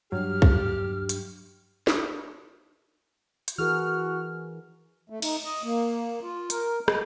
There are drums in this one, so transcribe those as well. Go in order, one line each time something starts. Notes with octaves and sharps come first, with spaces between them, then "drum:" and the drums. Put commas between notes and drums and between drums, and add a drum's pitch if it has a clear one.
G2 F#3 G4 F6
drum: kick
drum: hi-hat
drum: snare
drum: hi-hat
E3 F#4 G#4 A#4 F6
A3
D#4, drum: cymbal
D#5
A#3
F4
A#4, drum: hi-hat
D#5, drum: rim click